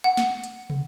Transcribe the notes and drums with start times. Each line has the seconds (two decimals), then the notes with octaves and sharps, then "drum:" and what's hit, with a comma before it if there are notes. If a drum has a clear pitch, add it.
0.04 F#5
0.17 drum: snare
0.44 drum: hi-hat
0.70 drum: tom